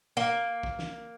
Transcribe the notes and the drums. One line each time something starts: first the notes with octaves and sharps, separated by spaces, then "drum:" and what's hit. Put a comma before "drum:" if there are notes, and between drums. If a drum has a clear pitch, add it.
A#3
drum: kick
drum: snare